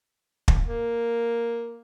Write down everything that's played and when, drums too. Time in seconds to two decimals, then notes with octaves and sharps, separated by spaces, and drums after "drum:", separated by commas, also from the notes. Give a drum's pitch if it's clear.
0.48 drum: kick
0.66 A#3